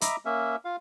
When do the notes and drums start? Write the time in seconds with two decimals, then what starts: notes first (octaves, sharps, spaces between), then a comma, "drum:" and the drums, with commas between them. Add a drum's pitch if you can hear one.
0.01 D#5 E5 A#5 B5 D6, drum: hi-hat
0.25 A#3 C#4 E5
0.65 F4 F5